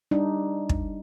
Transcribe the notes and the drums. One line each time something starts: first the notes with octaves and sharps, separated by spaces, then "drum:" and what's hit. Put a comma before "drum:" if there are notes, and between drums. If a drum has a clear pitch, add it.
G3 D4 D#4
drum: kick